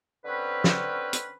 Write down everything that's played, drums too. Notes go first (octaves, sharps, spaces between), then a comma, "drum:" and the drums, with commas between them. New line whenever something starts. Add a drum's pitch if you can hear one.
D3 C4 C#4 B4
drum: snare
drum: hi-hat